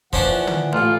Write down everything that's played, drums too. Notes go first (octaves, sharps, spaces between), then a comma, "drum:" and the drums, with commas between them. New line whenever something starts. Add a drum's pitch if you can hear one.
A#2 E3 F3 C#4 D4 F#5, drum: kick
drum: tom
A1 F4